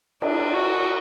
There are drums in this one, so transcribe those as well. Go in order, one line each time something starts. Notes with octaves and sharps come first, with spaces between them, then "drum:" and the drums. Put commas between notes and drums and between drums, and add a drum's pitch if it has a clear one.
D4, drum: cymbal
F#4